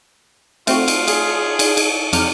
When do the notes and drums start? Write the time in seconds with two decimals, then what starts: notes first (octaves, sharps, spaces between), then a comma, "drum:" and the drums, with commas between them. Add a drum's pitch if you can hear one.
0.67 A3 C4 F4 F#4, drum: cymbal
0.88 drum: cymbal
1.08 G#4, drum: cymbal
1.59 drum: cymbal
1.77 drum: cymbal
2.13 F2 C3 D6 F6, drum: cymbal